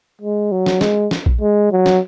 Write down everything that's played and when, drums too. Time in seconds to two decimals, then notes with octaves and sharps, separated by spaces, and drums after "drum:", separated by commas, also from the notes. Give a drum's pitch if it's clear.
0.21 G#3
0.51 F#3
0.66 drum: snare
0.81 G#3, drum: snare
1.11 drum: snare
1.26 drum: kick A#1
1.41 G#3
1.71 F#3
1.86 drum: snare